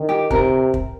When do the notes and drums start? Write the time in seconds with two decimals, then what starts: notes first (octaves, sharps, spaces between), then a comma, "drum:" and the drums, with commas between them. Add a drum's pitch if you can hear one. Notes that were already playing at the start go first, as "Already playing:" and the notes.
Already playing: D#3
0.09 G4
0.31 C3 A#4, drum: kick
0.74 drum: kick